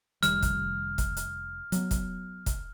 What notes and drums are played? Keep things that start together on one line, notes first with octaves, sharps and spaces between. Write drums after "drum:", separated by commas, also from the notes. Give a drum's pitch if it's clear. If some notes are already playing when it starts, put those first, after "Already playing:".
F1 D#3 G3 F6, drum: hi-hat
drum: kick, hi-hat
drum: kick, hi-hat
drum: hi-hat
F#3 B3, drum: hi-hat
drum: kick, hi-hat
drum: kick, hi-hat